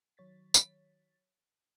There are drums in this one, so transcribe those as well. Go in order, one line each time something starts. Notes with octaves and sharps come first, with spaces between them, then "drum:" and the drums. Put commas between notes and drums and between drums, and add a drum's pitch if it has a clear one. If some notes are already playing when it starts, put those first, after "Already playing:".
D#3 F#3 C#5 A6 B6
drum: tambourine